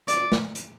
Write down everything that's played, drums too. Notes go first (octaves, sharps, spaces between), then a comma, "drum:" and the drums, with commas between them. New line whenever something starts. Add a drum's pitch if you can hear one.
D5, drum: hi-hat
drum: snare
drum: hi-hat